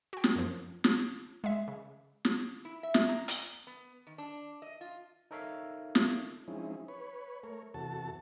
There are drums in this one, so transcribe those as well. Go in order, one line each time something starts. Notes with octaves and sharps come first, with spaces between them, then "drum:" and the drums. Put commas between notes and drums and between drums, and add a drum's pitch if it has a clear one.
F#4 G5
drum: snare
F#2 F3
drum: snare
G#3 E5
C#3
drum: snare
E4
E5
drum: snare
A#5
drum: hi-hat
B3
D#3
D4
D#5
F4
D#4 A4 A#4 C#5 E5 F5
drum: snare
F3 G#3 C4 C#4 D#4 E4
B4 C#5
A3 A#4 C#5
E2 C3 F#4 A4 A5